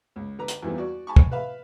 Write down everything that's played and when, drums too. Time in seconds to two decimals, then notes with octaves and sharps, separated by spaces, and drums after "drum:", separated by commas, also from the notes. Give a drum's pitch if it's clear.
0.16 C#2
0.39 D3 B4 A#5
0.48 drum: hi-hat
0.63 E2 A#2 E3 F3 G3 B3
0.78 F#4 D5
1.07 G#5 A5 B5 C#6
1.16 drum: kick
1.31 B4 E5 F5 B5